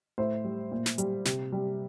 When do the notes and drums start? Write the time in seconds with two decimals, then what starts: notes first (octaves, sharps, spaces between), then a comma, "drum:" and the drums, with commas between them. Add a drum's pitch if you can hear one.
0.18 A2 C5 E5
0.44 G3
0.72 A#2
0.86 drum: snare
0.98 G3, drum: hi-hat
1.25 C3, drum: snare
1.52 G3